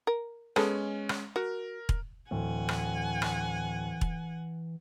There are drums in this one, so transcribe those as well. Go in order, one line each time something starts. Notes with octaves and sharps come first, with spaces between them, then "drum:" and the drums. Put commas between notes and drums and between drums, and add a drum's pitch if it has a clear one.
A#4
G#3 B3 C#4 G#4 A4, drum: rim click
drum: rim click
F#4 A#4
drum: kick E1
D1 E3 F#5 G#5
drum: rim click
drum: rim click
drum: kick E1